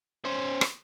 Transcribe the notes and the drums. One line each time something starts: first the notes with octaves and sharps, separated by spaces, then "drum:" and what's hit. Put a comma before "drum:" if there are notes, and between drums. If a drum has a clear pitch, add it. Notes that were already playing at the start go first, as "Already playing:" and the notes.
C#4 C5
drum: rim click